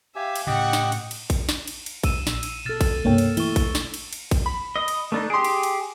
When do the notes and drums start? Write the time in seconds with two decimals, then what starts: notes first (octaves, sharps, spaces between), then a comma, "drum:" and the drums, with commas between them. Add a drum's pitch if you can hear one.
0.16 G4 E5 F5 G#5
0.36 drum: cymbal
0.47 A2 C#3 G4 D#5 F#5 G5 C#6
0.73 drum: snare
0.92 drum: cymbal
1.11 drum: cymbal
1.30 drum: kick A1, cymbal
1.49 drum: snare
1.67 drum: cymbal
1.86 drum: cymbal
2.04 E6 D#7 E7, drum: kick A1, cymbal
2.27 A#1, drum: snare
2.43 drum: cymbal
2.65 B2 A4 F6 A6 E7
2.81 drum: kick A1, cymbal
3.05 C2 G2 C3 A#3 C#5 G5
3.18 drum: cymbal
3.37 E3 A3 E4 C#6 G7, drum: cymbal
3.56 drum: kick A1, cymbal
3.75 drum: snare
3.94 drum: cymbal
4.13 drum: cymbal
4.31 drum: kick A1, cymbal
4.46 B5
4.76 D#5
4.88 drum: cymbal
5.12 A3 D4 D#4
5.30 G4 G#4 C6 D#6 D7
5.45 drum: cymbal
5.63 drum: cymbal